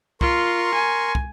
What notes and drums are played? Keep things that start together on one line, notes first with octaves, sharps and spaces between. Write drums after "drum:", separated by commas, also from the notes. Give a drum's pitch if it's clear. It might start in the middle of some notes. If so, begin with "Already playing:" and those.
F4 A#4 C6 C#6, drum: kick
G#5
drum: kick